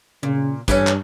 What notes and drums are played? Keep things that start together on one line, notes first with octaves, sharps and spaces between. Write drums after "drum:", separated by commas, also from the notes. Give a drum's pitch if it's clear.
A#2 C#3
G2 E3 A3 C#4, drum: kick, tambourine
drum: clap